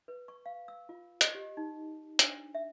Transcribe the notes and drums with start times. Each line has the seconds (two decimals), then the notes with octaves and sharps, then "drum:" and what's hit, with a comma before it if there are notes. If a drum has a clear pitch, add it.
0.08 B4
0.28 C#6
0.46 F5
0.68 E6
0.89 F4
1.21 D#5, drum: hi-hat
1.35 G4
1.57 D#4
2.19 D4, drum: hi-hat
2.55 E5